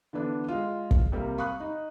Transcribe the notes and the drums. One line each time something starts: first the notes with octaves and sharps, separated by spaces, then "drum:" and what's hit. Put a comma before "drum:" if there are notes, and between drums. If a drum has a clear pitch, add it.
D3 E3 B3 D4 E4
G#3 F4
drum: kick
C3 G3 A#3
F5 B5 C#6 D#6 F#6
D#4